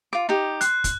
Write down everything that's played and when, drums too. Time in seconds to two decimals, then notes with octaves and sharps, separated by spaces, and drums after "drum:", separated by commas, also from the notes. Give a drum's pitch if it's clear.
0.13 F4 D6
0.29 D#4 G4
0.61 C6 F#6, drum: hi-hat
0.84 drum: kick, hi-hat